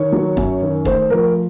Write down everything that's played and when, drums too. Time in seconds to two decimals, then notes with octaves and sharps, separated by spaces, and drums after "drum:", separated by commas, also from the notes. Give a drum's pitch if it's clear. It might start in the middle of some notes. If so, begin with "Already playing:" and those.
Already playing: D#3 C#5
0.12 F#3
0.37 F#2, drum: kick
0.62 D#3
0.85 A3 C5, drum: kick
1.10 F3 A#4